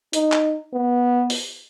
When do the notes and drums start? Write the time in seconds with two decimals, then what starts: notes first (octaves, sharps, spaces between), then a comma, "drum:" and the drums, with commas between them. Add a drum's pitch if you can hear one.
0.13 D#4, drum: hi-hat
0.32 drum: clap
0.73 B3
1.30 drum: open hi-hat